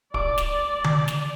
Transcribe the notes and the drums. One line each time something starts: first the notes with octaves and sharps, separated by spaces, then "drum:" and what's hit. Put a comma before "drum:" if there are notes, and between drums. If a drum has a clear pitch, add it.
D5 D6, drum: kick
drum: snare
drum: tom D3
drum: snare